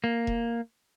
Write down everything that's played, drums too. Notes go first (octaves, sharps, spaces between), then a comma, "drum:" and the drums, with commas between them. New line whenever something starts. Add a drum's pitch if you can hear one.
A#3
drum: kick E1